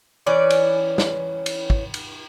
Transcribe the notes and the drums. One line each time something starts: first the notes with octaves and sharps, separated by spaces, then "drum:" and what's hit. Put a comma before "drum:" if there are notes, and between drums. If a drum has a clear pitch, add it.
E3 C#4 D5
drum: cymbal
drum: snare
drum: cymbal
drum: kick
drum: cymbal